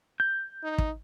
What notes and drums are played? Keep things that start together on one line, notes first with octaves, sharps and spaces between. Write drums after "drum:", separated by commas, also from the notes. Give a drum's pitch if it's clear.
G6
D#4
drum: kick